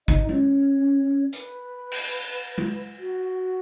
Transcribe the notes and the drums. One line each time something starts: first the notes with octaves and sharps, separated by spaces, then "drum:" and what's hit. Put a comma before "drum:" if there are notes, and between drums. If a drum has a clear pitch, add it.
D#4 D#5, drum: kick
C#4 C#5, drum: tom G#3
B4, drum: hi-hat
drum: cymbal
drum: tom G#3
F#4